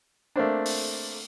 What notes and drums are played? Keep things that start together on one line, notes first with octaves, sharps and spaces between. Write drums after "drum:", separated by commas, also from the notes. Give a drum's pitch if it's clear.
A3 A#3 C4 D4
drum: open hi-hat